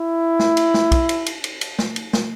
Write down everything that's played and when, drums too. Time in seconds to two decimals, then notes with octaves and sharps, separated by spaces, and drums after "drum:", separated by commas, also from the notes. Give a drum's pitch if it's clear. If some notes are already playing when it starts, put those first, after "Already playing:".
Already playing: E4
0.39 drum: snare
0.57 drum: cymbal
0.74 drum: snare
0.92 drum: kick, cymbal
1.09 drum: cymbal
1.26 drum: cymbal
1.44 drum: cymbal
1.61 drum: cymbal
1.79 drum: snare
1.96 drum: cymbal
2.13 drum: snare